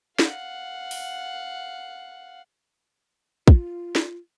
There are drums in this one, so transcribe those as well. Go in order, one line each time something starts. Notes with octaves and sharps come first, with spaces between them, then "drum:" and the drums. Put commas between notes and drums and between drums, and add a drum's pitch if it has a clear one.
F5 F#5, drum: snare
drum: open hi-hat
F4, drum: kick
drum: snare